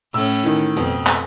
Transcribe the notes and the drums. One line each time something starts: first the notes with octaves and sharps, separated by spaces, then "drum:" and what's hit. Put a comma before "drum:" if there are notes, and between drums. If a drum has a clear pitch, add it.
A2 C#4 E6
D#3 E3
F2 B2, drum: hi-hat
drum: clap